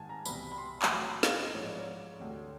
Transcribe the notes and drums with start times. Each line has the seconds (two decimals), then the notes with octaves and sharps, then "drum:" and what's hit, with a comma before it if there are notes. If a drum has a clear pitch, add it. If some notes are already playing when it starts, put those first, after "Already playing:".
Already playing: G#2 D#3 G3 G#5 A5
0.09 A#5
0.25 C2 B2 G3 B5, drum: tambourine
0.52 B5
0.58 C6
0.82 C6, drum: clap
0.90 A2 F#3 B5
1.23 F5, drum: snare
1.39 D#5
1.55 G#2 F3 G#3 C#5
1.67 D5
1.79 C#5
2.20 D2 D3 G3